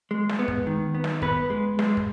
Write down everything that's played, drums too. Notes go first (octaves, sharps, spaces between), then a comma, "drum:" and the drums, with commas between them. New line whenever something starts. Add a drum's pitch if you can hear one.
G#3
drum: snare
B3
drum: kick
D#3
B3
drum: snare
B3 B4, drum: kick
G#3
G#3, drum: snare
drum: kick